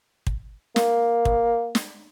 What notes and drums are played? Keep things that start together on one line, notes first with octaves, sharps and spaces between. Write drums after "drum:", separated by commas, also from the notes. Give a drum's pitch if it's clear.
drum: kick
A#3, drum: snare
drum: kick
drum: snare